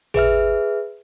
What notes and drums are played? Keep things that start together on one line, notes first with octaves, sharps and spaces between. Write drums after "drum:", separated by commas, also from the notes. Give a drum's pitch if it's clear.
G#4 B4 E5 F6, drum: tom G#1